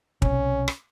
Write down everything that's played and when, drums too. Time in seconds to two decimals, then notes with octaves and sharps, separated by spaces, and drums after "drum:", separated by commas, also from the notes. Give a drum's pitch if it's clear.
0.22 B1 C3 C#4, drum: kick
0.68 drum: rim click